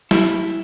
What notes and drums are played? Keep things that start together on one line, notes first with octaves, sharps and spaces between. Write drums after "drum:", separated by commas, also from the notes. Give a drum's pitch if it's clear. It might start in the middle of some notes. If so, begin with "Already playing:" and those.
E4, drum: snare